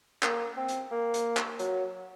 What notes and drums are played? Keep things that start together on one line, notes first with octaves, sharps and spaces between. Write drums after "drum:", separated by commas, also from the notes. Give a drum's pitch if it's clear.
A#3, drum: clap
C4
drum: hi-hat
A#3
drum: hi-hat
drum: clap
F#3, drum: hi-hat